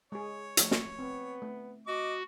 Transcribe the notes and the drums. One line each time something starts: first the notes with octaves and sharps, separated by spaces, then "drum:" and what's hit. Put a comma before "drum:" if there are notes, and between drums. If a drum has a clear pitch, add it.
G#3 G#4 C#5
F3 A3, drum: hi-hat
drum: snare
B3 C4
A3
F#4 D#5 D6